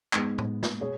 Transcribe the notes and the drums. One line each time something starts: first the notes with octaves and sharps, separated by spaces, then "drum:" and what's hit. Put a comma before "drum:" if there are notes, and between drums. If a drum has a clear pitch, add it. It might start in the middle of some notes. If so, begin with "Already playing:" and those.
G#2 G#3 B3, drum: clap
drum: tom
drum: snare
B2 B3 G#4 C#5